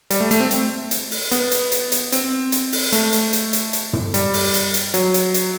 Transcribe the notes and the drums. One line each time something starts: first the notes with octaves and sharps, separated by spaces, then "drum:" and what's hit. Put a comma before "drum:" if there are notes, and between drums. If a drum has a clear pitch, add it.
G3, drum: hi-hat
A3
A3, drum: hi-hat
C4
drum: hi-hat
drum: hi-hat
drum: open hi-hat
B3, drum: hi-hat
drum: hi-hat
drum: hi-hat
drum: hi-hat
C4, drum: hi-hat
drum: hi-hat
drum: open hi-hat
A3, drum: hi-hat
drum: hi-hat
drum: hi-hat
drum: hi-hat
drum: hi-hat
drum: tom
G3, drum: hi-hat
drum: open hi-hat
drum: hi-hat
drum: hi-hat
F#3, drum: hi-hat
drum: hi-hat
drum: hi-hat